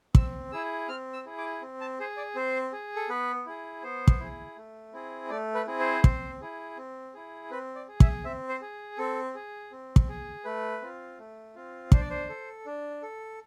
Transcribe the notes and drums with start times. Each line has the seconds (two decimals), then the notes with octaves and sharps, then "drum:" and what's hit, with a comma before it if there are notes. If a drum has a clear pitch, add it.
0.15 C4 E6, drum: kick
0.52 E4 G#4 E6
0.88 C4 F6
1.13 E6
1.26 E4 G#4
1.38 D6
1.62 C4
1.81 A5
2.00 G#4 C5
2.17 D5
2.36 C4 C5
2.72 G#4
2.96 A4
3.09 B3 B4
3.46 E4 G#4
3.83 B3 C5
4.08 drum: kick
4.20 E4 G#4
4.57 A3
4.93 C4 E4 G#4
5.30 A3 D5
5.55 B4
5.67 C4 E4 G#4
5.80 C5
6.04 C4, drum: kick
6.41 E4 G#4
6.77 C4
7.14 E4 G#4
7.51 C4 B4
7.75 D5
7.88 G#4
8.00 E5, drum: kick
8.24 C4 E5
8.49 C5
8.61 G#4
8.98 C4 A4
9.35 G#4
9.71 C4
9.96 drum: kick
10.09 G#4
10.45 A3 B4
10.82 C4 F4
11.18 A3
11.55 C4 F4
11.92 D4 C5, drum: kick
12.00 D5
12.10 C5
12.29 A4
12.66 D4
13.03 A4